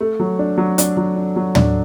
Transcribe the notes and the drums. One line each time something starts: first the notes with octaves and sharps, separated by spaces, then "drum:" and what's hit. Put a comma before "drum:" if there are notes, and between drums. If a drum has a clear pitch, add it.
A3
F#3
D4
F#3
D4, drum: hi-hat
F#3
D4
F#3
D4, drum: tom